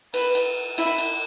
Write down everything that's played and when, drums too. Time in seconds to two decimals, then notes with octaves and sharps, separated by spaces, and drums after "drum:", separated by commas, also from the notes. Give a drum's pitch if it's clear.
0.14 B4, drum: cymbal
0.35 drum: cymbal
0.78 E4, drum: cymbal
0.98 drum: cymbal